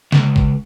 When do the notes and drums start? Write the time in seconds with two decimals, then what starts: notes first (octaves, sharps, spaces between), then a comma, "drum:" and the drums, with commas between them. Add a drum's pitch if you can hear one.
0.12 C#2, drum: snare
0.36 drum: kick